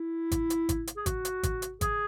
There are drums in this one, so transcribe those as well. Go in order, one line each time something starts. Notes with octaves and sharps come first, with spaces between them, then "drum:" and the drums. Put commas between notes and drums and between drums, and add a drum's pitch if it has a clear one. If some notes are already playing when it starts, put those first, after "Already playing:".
Already playing: E4
drum: kick G#1, hi-hat
drum: hi-hat
drum: kick G#1, hi-hat
drum: hi-hat
G#4
F#4, drum: kick G#1, hi-hat
drum: hi-hat
drum: kick G#1, hi-hat
drum: hi-hat
G#4, drum: kick G#1, hi-hat